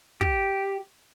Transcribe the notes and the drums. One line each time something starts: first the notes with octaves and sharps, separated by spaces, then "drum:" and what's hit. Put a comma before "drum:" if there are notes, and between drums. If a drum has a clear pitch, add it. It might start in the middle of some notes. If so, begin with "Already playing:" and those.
G4, drum: kick